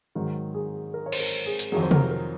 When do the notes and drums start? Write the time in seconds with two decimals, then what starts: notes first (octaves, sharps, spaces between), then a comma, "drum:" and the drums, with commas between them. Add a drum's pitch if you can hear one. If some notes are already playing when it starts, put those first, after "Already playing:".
0.15 G#2 D#3 F#3
0.54 G#4
0.94 A#4
1.06 C#5
1.12 C5, drum: cymbal
1.20 A#4
1.46 G#4
1.59 drum: hi-hat
1.72 F2 D#3 F#3 G#4
1.83 C5
1.91 A#4, drum: tom C3
2.11 A#4